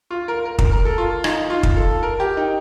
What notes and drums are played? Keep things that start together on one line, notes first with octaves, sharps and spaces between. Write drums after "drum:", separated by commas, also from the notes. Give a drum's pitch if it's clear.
F4
A#4
A#4
A#4, drum: kick
A#4
A4
F4
D#4, drum: rim click
F4
drum: kick
A4
A#4
G4
D#4